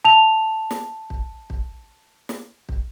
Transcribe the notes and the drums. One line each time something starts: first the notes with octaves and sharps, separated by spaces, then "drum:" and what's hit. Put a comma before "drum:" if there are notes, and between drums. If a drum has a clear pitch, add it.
A5 F7
drum: snare
drum: kick
drum: kick
drum: snare
drum: kick